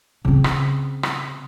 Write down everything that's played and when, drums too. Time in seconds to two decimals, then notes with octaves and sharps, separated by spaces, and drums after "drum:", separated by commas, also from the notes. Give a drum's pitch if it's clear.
0.25 C#3 C4
0.44 drum: rim click
1.03 drum: rim click